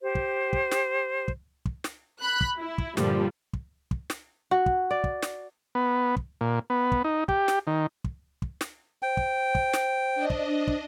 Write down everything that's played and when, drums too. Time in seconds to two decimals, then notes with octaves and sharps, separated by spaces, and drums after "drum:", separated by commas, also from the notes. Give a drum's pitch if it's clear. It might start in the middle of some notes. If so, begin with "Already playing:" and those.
0.02 G4 C5
0.15 drum: kick
0.53 drum: kick
0.72 drum: snare
1.28 drum: kick
1.65 drum: kick
1.84 drum: snare
2.20 B5 F#6
2.41 drum: kick
2.59 E4
2.78 drum: kick
2.97 G2 A#2 D3 F3 G3, drum: snare
3.53 drum: kick
3.91 drum: kick
4.10 drum: snare
4.51 F#4
4.66 drum: kick
4.91 D5
5.04 drum: kick
5.23 drum: snare
5.75 B3
6.16 drum: kick
6.41 A#2
6.70 B3
6.92 drum: kick
7.04 D#4
7.28 G4, drum: kick
7.48 drum: snare
7.67 D#3
8.04 drum: kick
8.42 drum: kick
8.61 drum: snare
9.03 C5 G5
9.17 drum: kick
9.55 drum: kick
9.74 drum: snare
10.15 D4 D#5
10.30 drum: kick
10.67 drum: kick